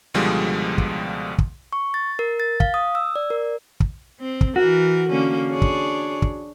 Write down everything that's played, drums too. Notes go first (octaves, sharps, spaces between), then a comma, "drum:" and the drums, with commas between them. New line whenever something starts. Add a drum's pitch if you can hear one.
C#2 B2 D3 F3 G3 G#3
drum: kick
drum: kick
C#6
A6
A#4
A6
F5, drum: kick
D#6
E6
D5
A#4
drum: kick
C4
drum: kick
E3 F#4 A#4
D3 A#3 C#4
D4 G#4 C#5
drum: kick
drum: kick